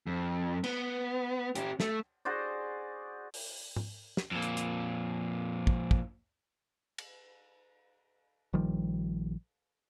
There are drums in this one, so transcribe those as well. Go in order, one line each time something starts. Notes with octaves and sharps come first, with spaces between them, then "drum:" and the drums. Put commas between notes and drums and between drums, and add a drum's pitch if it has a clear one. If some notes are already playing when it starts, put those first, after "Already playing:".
F2
B3, drum: cymbal
C#4 G4, drum: hi-hat
A3, drum: snare
F#4 G#4 C5 D5
drum: open hi-hat
drum: tom
drum: snare
F2 A#2
drum: hi-hat
drum: hi-hat
drum: kick
drum: kick
drum: cymbal
A#1 D#3 F3 G3